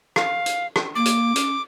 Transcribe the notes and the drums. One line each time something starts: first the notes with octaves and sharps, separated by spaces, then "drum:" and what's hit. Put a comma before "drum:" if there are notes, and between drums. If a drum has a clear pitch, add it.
F5, drum: rim click
drum: hi-hat
drum: rim click
A#3 D6
drum: hi-hat
C#4, drum: hi-hat